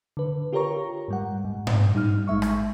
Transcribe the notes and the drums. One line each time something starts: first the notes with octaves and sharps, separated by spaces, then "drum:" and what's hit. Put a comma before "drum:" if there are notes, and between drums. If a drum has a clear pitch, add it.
D3 B4
F4 G4 A#4 C#5 A#5 C#6
G#2 G3 F#5
G#2
drum: tom G#2
G3 D#4 F6
A1 G#3 E5 C#6
drum: rim click